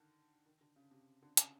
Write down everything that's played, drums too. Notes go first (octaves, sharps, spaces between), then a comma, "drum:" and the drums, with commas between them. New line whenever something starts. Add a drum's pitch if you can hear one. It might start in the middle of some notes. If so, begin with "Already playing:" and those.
Already playing: D3 D#3
D#3
D3
C#3
C3
D3
C#3, drum: hi-hat